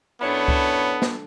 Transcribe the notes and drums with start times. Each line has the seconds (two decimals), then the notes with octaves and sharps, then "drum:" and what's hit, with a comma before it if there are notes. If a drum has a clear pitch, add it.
0.22 F#2 B3 D4 E4 A4 C#5
0.48 drum: kick C#2
1.02 drum: snare